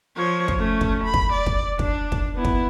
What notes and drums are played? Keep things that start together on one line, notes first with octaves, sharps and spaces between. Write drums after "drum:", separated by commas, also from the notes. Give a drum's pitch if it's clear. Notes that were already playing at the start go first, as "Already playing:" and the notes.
F3 C#5
drum: kick
A3 C#4
drum: kick
B5
drum: kick
D5
drum: kick
D4, drum: kick
drum: kick
B3 E4
drum: kick